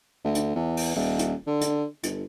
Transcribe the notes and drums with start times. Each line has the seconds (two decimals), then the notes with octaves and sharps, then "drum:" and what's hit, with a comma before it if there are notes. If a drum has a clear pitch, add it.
0.25 D2
0.35 drum: hi-hat
0.56 E2
0.77 drum: open hi-hat
0.96 D#1
1.19 drum: hi-hat
1.47 D3
1.61 drum: hi-hat
2.03 G1, drum: hi-hat